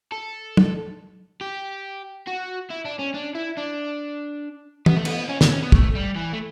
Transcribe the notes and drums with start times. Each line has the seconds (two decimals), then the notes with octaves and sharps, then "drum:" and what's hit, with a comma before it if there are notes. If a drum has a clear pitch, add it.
0.12 A4
0.57 drum: tom
1.41 G4
2.27 F#4
2.70 E4
2.85 D4
2.99 C#4
3.14 D4
3.35 E4
3.57 D4
4.86 B3, drum: tom
4.96 A3
5.05 B3, drum: cymbal
5.29 C#4
5.41 D4, drum: snare
5.51 C#4
5.62 B3
5.72 A3, drum: kick
5.95 G3
6.16 E3
6.33 A3